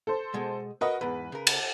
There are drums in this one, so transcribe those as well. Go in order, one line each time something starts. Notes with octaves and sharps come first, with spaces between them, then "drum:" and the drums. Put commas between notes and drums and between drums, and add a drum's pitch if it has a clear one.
A4 C5
B2 G#3
F#4 A#4 B4 C#5 D#5
E2 G#2 B4
C#3 A#4
drum: cymbal